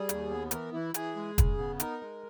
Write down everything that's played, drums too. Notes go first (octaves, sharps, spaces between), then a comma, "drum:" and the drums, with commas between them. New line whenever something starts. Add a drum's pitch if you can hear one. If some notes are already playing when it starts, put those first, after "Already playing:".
Already playing: G3 G#4
D#2, drum: hi-hat
B3
E3 A#4, drum: hi-hat
E3 E4
E3 G#4, drum: hi-hat
G#3
C#3, drum: kick, hi-hat
B3
D#4 A#4, drum: hi-hat
G#3